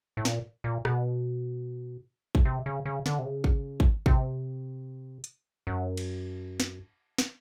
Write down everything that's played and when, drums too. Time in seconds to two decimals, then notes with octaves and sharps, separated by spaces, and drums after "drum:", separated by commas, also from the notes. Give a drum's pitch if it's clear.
0.17 A2
0.25 A#2, drum: snare
0.64 A#2
0.85 B2, drum: rim click
2.35 drum: kick G#1
2.45 C3
2.66 C#3
2.85 C#3
3.06 D3, drum: snare
3.19 C3
3.25 C#3
3.44 drum: kick G#1
3.80 drum: kick G#1
4.06 C3, drum: kick G#1
5.24 drum: hi-hat
5.67 F#2
5.97 drum: cymbal
6.60 drum: snare
7.18 drum: snare